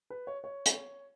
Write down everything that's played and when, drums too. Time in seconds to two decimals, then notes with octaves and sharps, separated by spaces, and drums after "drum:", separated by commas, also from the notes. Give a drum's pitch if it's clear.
0.10 B4
0.27 C#5
0.44 C#5
0.66 drum: hi-hat